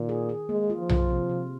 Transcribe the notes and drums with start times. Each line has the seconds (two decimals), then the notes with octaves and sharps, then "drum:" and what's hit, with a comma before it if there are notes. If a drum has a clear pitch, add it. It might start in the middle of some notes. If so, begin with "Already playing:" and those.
Already playing: A#2 D#3
0.09 G#4
0.29 G#4
0.49 G#3 A#3
0.70 F4
0.80 F3
0.89 F4, drum: tom B1
1.10 C3
1.30 C3